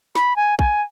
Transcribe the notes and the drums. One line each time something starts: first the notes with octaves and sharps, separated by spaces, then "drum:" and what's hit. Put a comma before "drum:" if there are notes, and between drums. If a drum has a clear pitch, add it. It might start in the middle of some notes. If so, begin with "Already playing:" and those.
B5, drum: snare
G#5
G#5, drum: kick